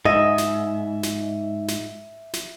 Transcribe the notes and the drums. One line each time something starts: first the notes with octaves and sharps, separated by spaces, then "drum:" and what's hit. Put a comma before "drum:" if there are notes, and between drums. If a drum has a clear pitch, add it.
G#2 D#5 E5
drum: snare
drum: snare
drum: snare
drum: snare